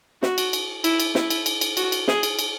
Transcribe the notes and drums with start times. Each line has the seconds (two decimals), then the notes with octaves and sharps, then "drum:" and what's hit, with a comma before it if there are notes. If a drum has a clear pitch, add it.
0.23 F#4, drum: snare
0.38 drum: cymbal
0.53 drum: cymbal
0.84 E4, drum: cymbal
1.00 drum: cymbal
1.15 E4, drum: snare
1.30 drum: cymbal
1.46 drum: cymbal
1.61 drum: cymbal
1.77 F#4, drum: cymbal
1.92 drum: cymbal
2.08 G#4, drum: snare
2.23 drum: cymbal
2.39 drum: cymbal